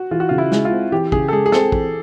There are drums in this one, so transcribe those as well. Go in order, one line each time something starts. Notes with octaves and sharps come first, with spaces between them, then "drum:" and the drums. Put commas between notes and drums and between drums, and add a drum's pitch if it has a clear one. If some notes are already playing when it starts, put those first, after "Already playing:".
Already playing: F#4
E3 F4
F#4
C#3 F4
E4
G#3, drum: snare
F4
C4
E3 G4
C#3 G#4, drum: kick
A4
G#3 G#4
G#4
C4 A4, drum: snare
E3, drum: kick